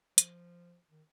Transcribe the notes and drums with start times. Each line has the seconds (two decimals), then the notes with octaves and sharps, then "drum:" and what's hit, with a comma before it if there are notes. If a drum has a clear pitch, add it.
0.18 F3, drum: hi-hat
0.91 D#3